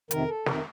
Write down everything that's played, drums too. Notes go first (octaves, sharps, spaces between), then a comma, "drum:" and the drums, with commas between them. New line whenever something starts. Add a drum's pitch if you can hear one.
F2 C3 D#3 A#4, drum: hi-hat
A4
F2 C3 D#3 A#4, drum: snare